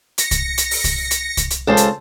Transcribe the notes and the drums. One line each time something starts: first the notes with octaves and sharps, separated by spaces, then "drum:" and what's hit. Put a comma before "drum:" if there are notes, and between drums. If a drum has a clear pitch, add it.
A#6 C#7, drum: hi-hat
drum: kick C2, hi-hat
drum: hi-hat
drum: open hi-hat
drum: kick C2, hi-hat
drum: hi-hat
drum: kick C2, hi-hat
drum: hi-hat
C#2 A4 C5
drum: hi-hat